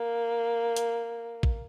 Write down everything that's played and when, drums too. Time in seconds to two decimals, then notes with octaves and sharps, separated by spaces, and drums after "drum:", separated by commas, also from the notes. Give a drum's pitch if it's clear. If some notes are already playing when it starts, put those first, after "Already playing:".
Already playing: A#3
0.76 drum: hi-hat
1.43 drum: kick